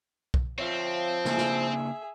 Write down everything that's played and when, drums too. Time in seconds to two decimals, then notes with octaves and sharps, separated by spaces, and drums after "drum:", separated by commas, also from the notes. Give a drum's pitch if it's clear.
0.34 drum: kick B1
0.58 F3 C4 C#5 E5 F5
1.25 C#3 A#3 D4 G#4 E5, drum: snare
1.38 drum: snare